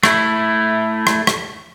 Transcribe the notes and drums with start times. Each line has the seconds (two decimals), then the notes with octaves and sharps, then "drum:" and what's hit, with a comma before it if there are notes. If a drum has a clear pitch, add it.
0.03 A3 E4, drum: rim click
1.07 drum: rim click
1.27 drum: rim click